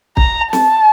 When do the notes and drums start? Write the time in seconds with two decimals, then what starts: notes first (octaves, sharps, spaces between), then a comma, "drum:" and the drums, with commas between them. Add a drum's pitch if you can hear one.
0.17 A#5, drum: kick
0.53 A5, drum: snare